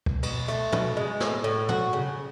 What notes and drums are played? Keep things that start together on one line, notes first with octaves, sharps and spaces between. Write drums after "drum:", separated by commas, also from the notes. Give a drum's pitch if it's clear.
drum: kick
B2, drum: cymbal
A3, drum: hi-hat
B2, drum: tom
G#3
A2, drum: snare
A2
F#4, drum: tom
C#3